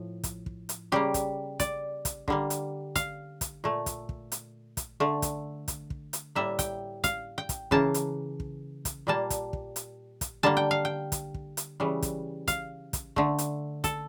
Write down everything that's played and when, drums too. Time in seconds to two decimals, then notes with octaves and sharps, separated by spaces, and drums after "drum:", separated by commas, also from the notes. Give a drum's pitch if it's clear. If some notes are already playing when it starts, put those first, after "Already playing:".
Already playing: A2 F3
0.24 drum: kick, hi-hat
0.46 drum: kick
0.69 drum: hi-hat
0.92 C#3 G3 A#3 G4
1.14 drum: kick, hi-hat
1.60 D5, drum: kick, hi-hat
2.05 drum: kick, hi-hat
2.28 D3 G3 A#3, drum: kick
2.50 drum: hi-hat
2.95 F5, drum: kick, hi-hat
3.41 drum: kick, hi-hat
3.64 A#2 A3
3.86 drum: kick, hi-hat
4.09 drum: kick
4.32 drum: hi-hat
4.77 drum: kick, hi-hat
5.00 D3 A3
5.22 drum: kick, hi-hat
5.68 drum: kick, hi-hat
5.90 drum: kick
6.13 drum: hi-hat
6.35 A2 G3 A#3 E5
6.59 G5, drum: kick, hi-hat
7.04 F5, drum: kick, hi-hat
7.38 G5
7.49 drum: kick, hi-hat
7.71 C#3 E3 A#3 A5, drum: kick
7.94 drum: hi-hat
8.40 drum: kick
8.85 drum: kick, hi-hat
9.07 A#2 G3 A#3 A5
9.30 drum: kick, hi-hat
9.53 drum: kick
9.76 drum: hi-hat
10.21 drum: kick, hi-hat
10.43 D3 G3 A#3 A5
10.57 G5
10.71 F5
10.85 G5
11.12 drum: kick, hi-hat
11.34 drum: kick
11.57 drum: hi-hat
11.80 C#3 E3 G3
12.02 drum: kick, hi-hat
12.48 F5, drum: kick, hi-hat
12.93 drum: kick, hi-hat
13.16 D3 A3, drum: kick
13.38 drum: hi-hat
13.84 A4, drum: kick, hi-hat